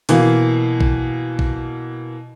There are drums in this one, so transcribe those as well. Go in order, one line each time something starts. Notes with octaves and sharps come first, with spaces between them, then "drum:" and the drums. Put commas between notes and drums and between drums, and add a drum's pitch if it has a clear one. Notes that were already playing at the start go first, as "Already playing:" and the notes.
B2 E3 A#3, drum: hi-hat
drum: kick
drum: kick